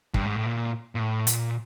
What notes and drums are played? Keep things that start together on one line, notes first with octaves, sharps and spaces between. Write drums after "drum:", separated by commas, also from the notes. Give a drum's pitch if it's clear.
G2, drum: kick
G#2
A2
A#2
A#2
A2
A#2, drum: hi-hat